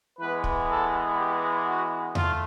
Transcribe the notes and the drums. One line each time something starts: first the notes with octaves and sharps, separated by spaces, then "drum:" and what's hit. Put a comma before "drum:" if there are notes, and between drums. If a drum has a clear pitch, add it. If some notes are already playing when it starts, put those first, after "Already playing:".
E3 G#3 B3 B4
drum: kick
A4
G4
F#4
A3 F4, drum: tom E2